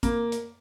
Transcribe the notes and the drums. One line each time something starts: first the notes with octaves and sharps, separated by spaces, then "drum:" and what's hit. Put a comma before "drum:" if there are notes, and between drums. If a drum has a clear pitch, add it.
A#3, drum: kick, hi-hat
drum: hi-hat